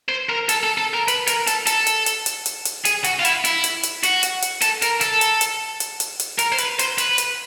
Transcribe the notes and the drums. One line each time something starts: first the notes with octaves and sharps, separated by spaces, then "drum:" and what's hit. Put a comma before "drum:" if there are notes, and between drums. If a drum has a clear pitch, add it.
C5
A#4
A4, drum: hi-hat
A4
A4
A#4
B4, drum: hi-hat
A#4, drum: hi-hat
A4, drum: hi-hat
A4, drum: hi-hat
drum: hi-hat
drum: hi-hat
drum: hi-hat
drum: hi-hat
drum: hi-hat
G#4, drum: hi-hat
F#4, drum: hi-hat
F4
E4, drum: hi-hat
E4, drum: hi-hat
drum: hi-hat
drum: hi-hat
F#4, drum: hi-hat
drum: hi-hat
drum: hi-hat
A4, drum: hi-hat
A#4, drum: hi-hat
A4, drum: hi-hat
drum: hi-hat
drum: hi-hat
drum: hi-hat
drum: hi-hat
drum: hi-hat
A#4, drum: hi-hat
C5
B4, drum: hi-hat
C5, drum: hi-hat
B4, drum: hi-hat
drum: hi-hat